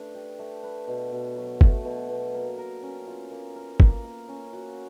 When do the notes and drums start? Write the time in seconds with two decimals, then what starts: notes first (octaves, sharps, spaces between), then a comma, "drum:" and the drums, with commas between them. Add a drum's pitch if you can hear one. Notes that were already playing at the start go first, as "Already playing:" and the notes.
Already playing: A3 D4 B4
0.15 G4
0.39 A3
0.63 B4
0.88 B2
1.12 B2
1.36 F#3
1.61 A3, drum: kick
1.85 B2
2.10 B2
2.34 A#3
2.58 A#4
2.83 C#4
3.07 F4
3.31 A#3
3.55 A#4
3.80 A#3, drum: kick
4.04 A#3
4.29 C#4
4.53 F#4